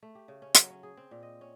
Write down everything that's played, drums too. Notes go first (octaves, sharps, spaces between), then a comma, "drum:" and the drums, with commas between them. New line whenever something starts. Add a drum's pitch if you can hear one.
A3
G4
C#3
C#4
F#3, drum: hi-hat
C#4
G#4
C4
A#2
D#5
C#4